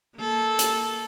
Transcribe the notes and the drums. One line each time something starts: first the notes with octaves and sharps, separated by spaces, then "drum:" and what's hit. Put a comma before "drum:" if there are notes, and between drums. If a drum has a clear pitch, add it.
A#3 A4
drum: hi-hat